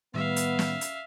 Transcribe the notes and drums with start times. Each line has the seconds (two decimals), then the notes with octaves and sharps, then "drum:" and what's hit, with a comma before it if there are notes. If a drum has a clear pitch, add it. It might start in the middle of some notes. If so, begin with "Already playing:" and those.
0.14 A2 D#3 G3 B3 E5 F5
0.36 drum: hi-hat
0.59 drum: snare
0.81 drum: hi-hat